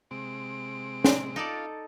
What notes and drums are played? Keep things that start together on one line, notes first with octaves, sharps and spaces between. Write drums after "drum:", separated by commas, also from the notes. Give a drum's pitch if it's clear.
C3 G#3 C4 D7
drum: snare
D#4 F4 A4 D5